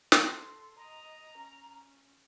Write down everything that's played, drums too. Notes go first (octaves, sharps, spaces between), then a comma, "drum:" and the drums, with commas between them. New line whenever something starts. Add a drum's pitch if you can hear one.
A4 C6, drum: snare
D#5 A#5
C#4